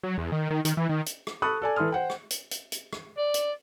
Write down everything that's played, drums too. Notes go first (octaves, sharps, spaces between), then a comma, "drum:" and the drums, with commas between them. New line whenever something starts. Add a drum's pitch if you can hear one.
F#3
E2
D#3
D#3
D#3, drum: hi-hat
E3
D#3
drum: hi-hat
drum: rim click
A4 A5 B5 C#6 D#6 F#6
A4 D5 G#5
E3 E4 A4 C6 D#6 F6
C5 F#5 G5
drum: rim click
drum: hi-hat
drum: hi-hat
drum: hi-hat
drum: rim click
D5
drum: hi-hat